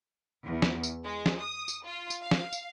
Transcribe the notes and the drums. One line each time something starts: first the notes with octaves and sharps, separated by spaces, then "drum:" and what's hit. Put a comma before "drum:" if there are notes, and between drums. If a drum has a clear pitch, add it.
E2
drum: snare
drum: tambourine
G#3
drum: snare
D#6
drum: tambourine
F4
drum: tambourine
F5
drum: snare
drum: tambourine